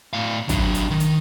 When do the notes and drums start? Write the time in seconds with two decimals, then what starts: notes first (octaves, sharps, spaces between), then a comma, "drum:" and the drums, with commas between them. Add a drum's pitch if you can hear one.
0.13 A2 F5
0.49 F#3 D4, drum: kick, hi-hat
0.74 drum: hi-hat
0.90 D#3
1.00 drum: hi-hat